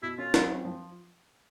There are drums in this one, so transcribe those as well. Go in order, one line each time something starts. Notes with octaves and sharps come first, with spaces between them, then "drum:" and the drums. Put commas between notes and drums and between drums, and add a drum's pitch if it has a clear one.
B2 E4
C#4 F4
F#3, drum: snare
C4
F3